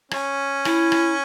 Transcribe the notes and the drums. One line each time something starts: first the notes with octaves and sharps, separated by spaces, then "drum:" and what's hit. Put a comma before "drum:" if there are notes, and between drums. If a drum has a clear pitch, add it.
C#4, drum: rim click
E4, drum: rim click
drum: rim click